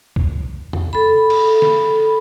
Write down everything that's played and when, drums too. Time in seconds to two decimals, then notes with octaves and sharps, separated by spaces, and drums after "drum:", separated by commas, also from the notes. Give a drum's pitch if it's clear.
0.16 drum: kick
0.73 drum: tom E2
0.93 A4 B5
1.30 drum: cymbal
1.62 drum: snare